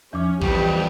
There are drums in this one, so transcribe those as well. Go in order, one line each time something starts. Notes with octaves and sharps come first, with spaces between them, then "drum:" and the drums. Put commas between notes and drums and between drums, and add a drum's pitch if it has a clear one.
E2 F3 C#4 D6
F2 E3 G3 G4, drum: kick A#1